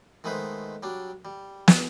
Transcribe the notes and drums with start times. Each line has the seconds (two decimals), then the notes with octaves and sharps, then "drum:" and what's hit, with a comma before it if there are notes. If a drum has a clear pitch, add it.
0.24 D#3 G#3 A3 B3 B4 C5
0.83 F#3 G3 D4
1.25 G3
1.68 drum: snare